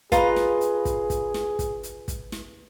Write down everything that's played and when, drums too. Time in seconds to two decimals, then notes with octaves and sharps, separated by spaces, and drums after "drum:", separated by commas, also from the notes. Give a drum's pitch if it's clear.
0.12 F4 G#4 B4 D#5 A#5, drum: kick, hi-hat
0.36 drum: snare
0.61 drum: hi-hat
0.85 drum: kick, hi-hat
1.10 drum: kick, hi-hat
1.34 drum: snare
1.59 drum: kick, hi-hat
1.83 drum: hi-hat
2.08 drum: kick, hi-hat
2.32 drum: snare